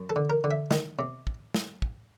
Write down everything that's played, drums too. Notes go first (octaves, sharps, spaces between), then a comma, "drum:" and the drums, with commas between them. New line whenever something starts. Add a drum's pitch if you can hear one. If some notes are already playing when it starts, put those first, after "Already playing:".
Already playing: F#2
A4
D3
A#4
D3
E5
D#3 D#5, drum: snare
C3
drum: kick
drum: snare
drum: kick